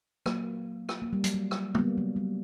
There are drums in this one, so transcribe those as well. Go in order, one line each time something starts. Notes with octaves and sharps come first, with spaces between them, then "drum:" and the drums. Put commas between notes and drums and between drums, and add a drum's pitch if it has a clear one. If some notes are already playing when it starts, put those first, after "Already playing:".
F#3 A#3, drum: rim click
drum: rim click
A#3
G3
F#3, drum: hi-hat
G3
drum: rim click
A#3, drum: tom
G3 B3
F#3 A#3
G3